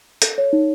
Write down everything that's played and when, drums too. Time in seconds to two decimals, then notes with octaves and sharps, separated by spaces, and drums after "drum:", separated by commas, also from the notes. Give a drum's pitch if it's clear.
0.22 A4, drum: hi-hat
0.38 C#5
0.53 D#4